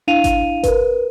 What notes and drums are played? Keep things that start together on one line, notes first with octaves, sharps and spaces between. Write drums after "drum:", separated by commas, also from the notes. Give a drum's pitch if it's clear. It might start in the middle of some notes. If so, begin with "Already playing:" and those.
D4 E4 F5 D#7 F7
drum: kick G#1, hi-hat
A#4 B4, drum: kick G#1, hi-hat